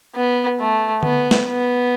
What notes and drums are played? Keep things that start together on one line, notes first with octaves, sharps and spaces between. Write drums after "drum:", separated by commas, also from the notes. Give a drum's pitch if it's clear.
B3
A3
B3, drum: tom D3
drum: snare
B3